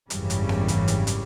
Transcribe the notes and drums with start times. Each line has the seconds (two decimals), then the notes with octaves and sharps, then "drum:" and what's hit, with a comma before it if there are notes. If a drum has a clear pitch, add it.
0.10 G#1 F#2 C#3 E3 G3, drum: hi-hat
0.30 drum: hi-hat
0.49 drum: snare B3
0.68 drum: kick, hi-hat
0.88 drum: hi-hat
1.07 drum: hi-hat